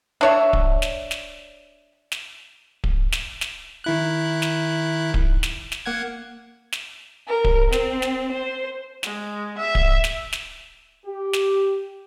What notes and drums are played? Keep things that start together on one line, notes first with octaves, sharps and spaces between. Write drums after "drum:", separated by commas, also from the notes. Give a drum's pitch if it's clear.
D4 C#5 E5
drum: kick D1
drum: snare
drum: snare
drum: snare
drum: kick D1
drum: snare
drum: snare
D#3 E4 F#6
drum: snare
drum: kick D1
drum: snare
drum: snare
A#3 F#5 G#6
drum: snare
A#4
drum: kick D1
C4, drum: snare
drum: snare
C5
G#3, drum: snare
E5
drum: kick D1
drum: snare
drum: snare
G4
drum: snare